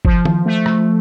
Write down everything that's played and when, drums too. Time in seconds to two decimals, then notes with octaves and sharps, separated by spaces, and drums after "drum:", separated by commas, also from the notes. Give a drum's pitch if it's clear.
0.05 F3, drum: kick G1
0.25 drum: tom D#3
0.46 A3
0.66 drum: rim click